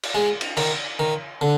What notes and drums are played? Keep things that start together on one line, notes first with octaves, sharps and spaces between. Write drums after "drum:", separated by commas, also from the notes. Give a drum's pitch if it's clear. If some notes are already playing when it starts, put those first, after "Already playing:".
drum: cymbal
G#3
drum: cymbal
D#3, drum: cymbal
D#3
D3